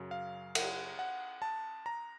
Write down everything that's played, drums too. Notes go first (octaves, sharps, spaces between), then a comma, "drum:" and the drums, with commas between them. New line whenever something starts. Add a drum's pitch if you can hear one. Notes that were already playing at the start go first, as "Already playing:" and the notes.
Already playing: F#2 C#3 F#3
F5
F#5, drum: cymbal
F#5
A5
A#5